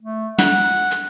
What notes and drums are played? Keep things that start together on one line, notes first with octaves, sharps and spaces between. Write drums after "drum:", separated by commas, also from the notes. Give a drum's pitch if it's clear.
A3
F#5, drum: snare
drum: hi-hat